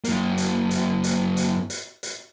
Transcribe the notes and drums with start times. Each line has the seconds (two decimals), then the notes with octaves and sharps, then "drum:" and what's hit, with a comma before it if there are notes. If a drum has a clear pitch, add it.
0.04 F#2 A#3, drum: hi-hat
0.38 drum: hi-hat
0.71 drum: hi-hat
1.04 drum: hi-hat
1.37 drum: hi-hat
1.70 drum: hi-hat
2.03 drum: hi-hat